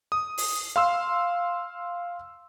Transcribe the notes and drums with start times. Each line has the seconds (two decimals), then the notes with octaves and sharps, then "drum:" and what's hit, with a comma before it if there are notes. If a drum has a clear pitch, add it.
0.12 D#6
0.38 drum: open hi-hat
0.76 F5 C6 E6